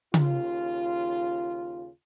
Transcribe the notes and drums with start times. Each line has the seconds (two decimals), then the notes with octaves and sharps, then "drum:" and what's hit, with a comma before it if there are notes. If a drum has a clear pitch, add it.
0.14 D#2 C#3 F4, drum: tom C#3